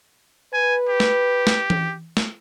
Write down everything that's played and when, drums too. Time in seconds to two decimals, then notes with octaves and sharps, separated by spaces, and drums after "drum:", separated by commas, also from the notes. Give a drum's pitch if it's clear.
0.53 B4 G#5
0.89 G4
1.00 drum: snare
1.47 drum: snare
1.70 drum: tom E3
2.17 drum: snare